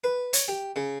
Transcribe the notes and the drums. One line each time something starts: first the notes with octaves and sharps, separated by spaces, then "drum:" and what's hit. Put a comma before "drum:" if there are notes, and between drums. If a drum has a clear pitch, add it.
B4
C#5, drum: hi-hat
G4
C#3